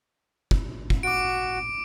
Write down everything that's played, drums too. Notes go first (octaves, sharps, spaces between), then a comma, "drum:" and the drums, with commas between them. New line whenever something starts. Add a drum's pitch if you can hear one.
drum: kick
drum: kick
F#4 D6 D7